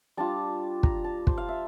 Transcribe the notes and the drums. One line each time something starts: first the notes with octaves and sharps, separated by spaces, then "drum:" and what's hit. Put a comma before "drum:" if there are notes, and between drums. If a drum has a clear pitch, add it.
G3 D4 F4 A5
A#5, drum: kick
A5
C5, drum: kick
F5
E5